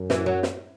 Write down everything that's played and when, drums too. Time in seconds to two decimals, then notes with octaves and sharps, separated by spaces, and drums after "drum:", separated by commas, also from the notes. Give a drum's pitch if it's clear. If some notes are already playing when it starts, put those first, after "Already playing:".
Already playing: F#2
0.10 E3, drum: snare
0.26 F#3
0.43 drum: snare